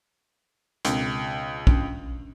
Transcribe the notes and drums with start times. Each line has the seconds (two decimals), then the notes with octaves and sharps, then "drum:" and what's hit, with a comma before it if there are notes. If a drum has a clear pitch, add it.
0.85 C#2 B2 C4 D4, drum: hi-hat
1.67 C#4 D4, drum: kick